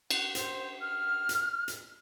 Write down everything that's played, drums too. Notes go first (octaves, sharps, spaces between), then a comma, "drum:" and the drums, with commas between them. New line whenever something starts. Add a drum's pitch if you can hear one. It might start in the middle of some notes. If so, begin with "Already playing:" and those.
F#5, drum: cymbal
C5, drum: hi-hat
F6
drum: hi-hat
drum: hi-hat